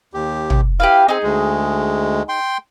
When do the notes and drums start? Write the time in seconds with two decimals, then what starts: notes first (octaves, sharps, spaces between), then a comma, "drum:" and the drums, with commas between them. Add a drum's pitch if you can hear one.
0.14 D#2 G4
0.50 drum: tom
0.80 E4 G4 B4 F5
1.08 C4 D#4 G#4
1.23 D2 G#3
2.29 G5 C6